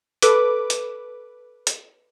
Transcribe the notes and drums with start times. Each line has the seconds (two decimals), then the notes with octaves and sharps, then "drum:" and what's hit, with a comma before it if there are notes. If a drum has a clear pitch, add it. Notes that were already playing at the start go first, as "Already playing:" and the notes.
0.22 A4 B4 D6, drum: hi-hat
0.70 drum: hi-hat
1.67 drum: hi-hat